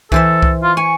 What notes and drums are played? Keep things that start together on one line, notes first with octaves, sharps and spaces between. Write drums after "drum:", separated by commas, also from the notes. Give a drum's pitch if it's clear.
E3 A4 C5 E5, drum: kick C2
drum: kick C2
F4
G#5 C#6